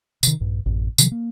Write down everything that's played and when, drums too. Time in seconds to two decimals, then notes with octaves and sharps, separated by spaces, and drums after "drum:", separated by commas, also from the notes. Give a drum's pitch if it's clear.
0.23 C3 D#3, drum: tambourine
0.40 A#1 G2
0.66 A1 F#2
0.98 C3 D#3 F3 F#3, drum: tambourine
1.11 A#3